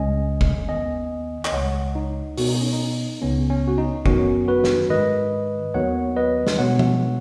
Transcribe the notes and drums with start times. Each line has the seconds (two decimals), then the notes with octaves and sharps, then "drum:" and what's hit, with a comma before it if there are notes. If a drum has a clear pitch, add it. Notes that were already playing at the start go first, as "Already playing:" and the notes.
Already playing: C#2 C#3 G#3 C#4 D#5 G#5
0.41 drum: kick
0.69 D#2 D#3 B3 D#5 G#5
1.45 D#5, drum: clap
1.53 C#2 C#3 G#3 C#5 F#5
1.95 D#4
2.38 B2 B3 F#4, drum: open hi-hat
2.49 D#4
2.61 C#4
2.73 D#4
3.22 C#2 C#3 B3 C#4
3.50 C#4
3.68 F#4
3.78 D#4
4.06 F#2 D#3 F#3 B3 C#4 F#4, drum: kick
4.48 F#4 B4
4.64 drum: snare
4.90 G#2 D#3 G#3 B4 D#5
5.74 D#2 D#3 F#3 B3 C#5 F#5
6.16 B4 D#5
6.47 drum: snare
6.58 B2 G#3 B3 C#5 F#5
6.79 drum: tom